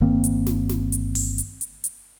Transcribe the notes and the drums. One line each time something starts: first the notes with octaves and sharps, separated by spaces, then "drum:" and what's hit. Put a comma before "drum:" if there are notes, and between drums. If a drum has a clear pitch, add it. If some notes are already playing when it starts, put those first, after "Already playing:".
G1 D#3 A#3 C4
drum: hi-hat
drum: snare
drum: snare
drum: hi-hat
drum: open hi-hat
drum: hi-hat
drum: hi-hat
drum: hi-hat